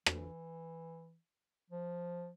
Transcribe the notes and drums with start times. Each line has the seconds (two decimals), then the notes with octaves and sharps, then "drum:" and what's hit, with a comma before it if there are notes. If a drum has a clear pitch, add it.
0.06 E3, drum: rim click
1.70 F3